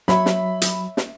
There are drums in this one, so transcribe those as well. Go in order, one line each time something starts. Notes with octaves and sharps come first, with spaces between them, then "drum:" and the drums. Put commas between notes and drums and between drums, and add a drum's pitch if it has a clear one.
F#3 C#5 E5 B5, drum: snare
drum: snare
drum: hi-hat
drum: snare